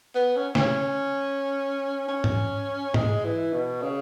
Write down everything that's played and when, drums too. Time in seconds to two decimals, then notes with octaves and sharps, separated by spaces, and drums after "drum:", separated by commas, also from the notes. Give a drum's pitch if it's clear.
0.15 B3
0.37 C#4
0.55 C#4, drum: snare
2.08 C#4
2.24 drum: tom G#2
2.94 G#3, drum: tom G#2
3.24 E3
3.53 B2
3.82 C#3